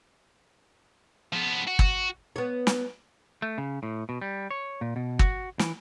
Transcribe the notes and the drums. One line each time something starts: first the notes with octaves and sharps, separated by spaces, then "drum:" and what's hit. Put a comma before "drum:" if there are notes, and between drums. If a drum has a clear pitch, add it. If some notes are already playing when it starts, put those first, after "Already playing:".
F3 B3
F#4
drum: kick
B3 C#5
drum: snare
A3
C#3
A2
B2
G3
C#5
A#2
B2
F#4, drum: kick
E3, drum: snare